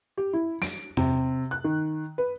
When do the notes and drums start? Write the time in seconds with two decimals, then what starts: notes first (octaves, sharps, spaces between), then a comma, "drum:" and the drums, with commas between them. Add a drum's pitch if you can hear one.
0.17 G4
0.33 E4
0.62 D7, drum: snare
0.97 C3, drum: tom
1.51 F#6
1.64 D#3
2.18 B4